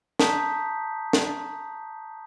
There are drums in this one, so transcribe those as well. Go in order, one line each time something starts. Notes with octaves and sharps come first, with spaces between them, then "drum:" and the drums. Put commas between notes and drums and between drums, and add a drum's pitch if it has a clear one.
A5 A#5 C#6 D#6 G6 B6, drum: snare
drum: snare